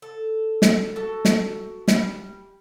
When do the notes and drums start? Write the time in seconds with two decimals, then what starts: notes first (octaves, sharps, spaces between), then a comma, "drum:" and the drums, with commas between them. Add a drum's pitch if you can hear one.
0.02 A4
0.62 drum: snare
0.96 F#4 A4 A5
1.25 drum: snare
1.88 G3, drum: snare